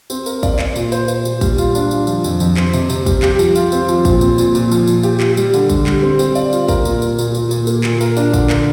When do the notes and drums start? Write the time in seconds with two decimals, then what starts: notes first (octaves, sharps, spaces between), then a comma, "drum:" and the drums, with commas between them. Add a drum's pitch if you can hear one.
0.10 C4, drum: tambourine
0.26 A#4, drum: tambourine
0.43 D5, drum: kick, tambourine
0.59 D5, drum: clap
0.76 A#2, drum: tambourine
0.92 C5, drum: tambourine
1.08 C5, drum: tambourine
1.25 A#2, drum: tambourine
1.41 G3, drum: kick, tambourine
1.58 F4, drum: tambourine
1.75 D4, drum: tambourine
1.91 F4, drum: tambourine
2.07 F3, drum: tambourine
2.24 F2, drum: tambourine
2.40 F2, drum: tambourine
2.57 C4, drum: clap
2.73 C3, drum: tambourine
2.90 C3, drum: tambourine
3.06 G3, drum: kick, tambourine
3.22 G4, drum: clap
3.39 F3, drum: tambourine
3.55 F4, drum: tambourine
3.72 C4, drum: tambourine
3.88 F3, drum: tambourine
4.05 A#2, drum: kick, tambourine
4.21 C4, drum: tambourine
4.38 A#2, drum: tambourine
4.55 A#2, drum: tambourine
4.71 F3, drum: tambourine
4.87 F3, drum: tambourine
5.03 G4, drum: tambourine
5.20 G4, drum: clap
5.37 G3, drum: tambourine
5.54 D3, drum: tambourine
5.69 G3, drum: kick, tambourine
5.87 G3, drum: clap
6.02 C4
6.19 C4, drum: tambourine
6.35 D5, drum: tambourine
6.53 F4, drum: tambourine
6.68 A#4, drum: kick, tambourine
6.85 A#2, drum: tambourine
7.02 A#4, drum: tambourine
7.19 A#2, drum: tambourine
7.35 A#2, drum: tambourine
7.51 A#2, drum: tambourine
7.67 A#3, drum: tambourine
7.84 A#2, drum: clap
8.01 A#4, drum: tambourine
8.17 D4, drum: tambourine
8.33 D3, drum: kick, tambourine
8.50 A#4, drum: clap